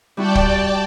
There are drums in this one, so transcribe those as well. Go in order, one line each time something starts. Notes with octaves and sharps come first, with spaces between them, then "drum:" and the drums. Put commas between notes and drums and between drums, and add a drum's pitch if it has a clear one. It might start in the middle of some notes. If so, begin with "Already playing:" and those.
G3 E4 F#4 D5 G5 A5
drum: kick